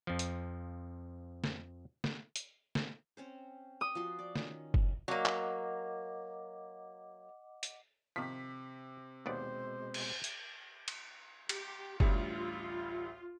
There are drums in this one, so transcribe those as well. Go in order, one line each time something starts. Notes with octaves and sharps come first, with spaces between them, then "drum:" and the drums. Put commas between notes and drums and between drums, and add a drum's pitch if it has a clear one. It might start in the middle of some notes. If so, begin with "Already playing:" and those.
F2 F3
drum: hi-hat
drum: snare
drum: snare
drum: hi-hat
drum: snare
C4 C#4 C5
G5 D#6
F3 F#4 C6
D5
D#3 C#4, drum: snare
drum: kick F#1
F#3 A#3 D#5 F#5 D6
drum: clap
drum: hi-hat
C3 D#3 F3 B6
D#2 B2 G#3 B3 C5 D5
drum: cymbal
drum: hi-hat
drum: cymbal
G4, drum: cymbal
A1 D2 G3 F4, drum: kick F#1